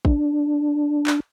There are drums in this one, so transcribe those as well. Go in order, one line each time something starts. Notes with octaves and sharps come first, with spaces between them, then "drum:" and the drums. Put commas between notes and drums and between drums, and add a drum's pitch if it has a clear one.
D4, drum: kick
drum: clap